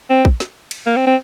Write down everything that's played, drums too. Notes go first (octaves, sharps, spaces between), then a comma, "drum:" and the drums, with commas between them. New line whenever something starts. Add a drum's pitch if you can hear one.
C4
drum: kick
drum: snare
drum: cymbal
A#3
C4
C4